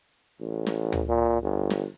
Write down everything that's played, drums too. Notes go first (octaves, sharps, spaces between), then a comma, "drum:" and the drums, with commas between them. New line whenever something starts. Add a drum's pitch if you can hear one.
A1
drum: snare
drum: tom D2
A#2
G1
drum: snare